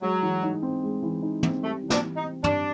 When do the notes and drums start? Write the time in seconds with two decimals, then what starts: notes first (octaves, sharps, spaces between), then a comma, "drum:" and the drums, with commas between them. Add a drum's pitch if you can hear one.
0.02 F#3 G#3
0.23 E3
0.43 D#4
0.62 C4
0.83 G#3
1.03 E3
1.23 D#4
1.43 C4, drum: tom
1.63 G3 A3
1.83 E3
1.90 D4, drum: snare
2.03 E3
2.17 D#4
2.23 C4
2.44 G3 D4, drum: tom